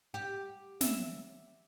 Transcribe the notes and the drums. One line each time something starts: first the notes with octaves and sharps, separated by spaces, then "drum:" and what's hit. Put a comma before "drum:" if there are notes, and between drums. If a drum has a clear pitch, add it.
G4
E5, drum: snare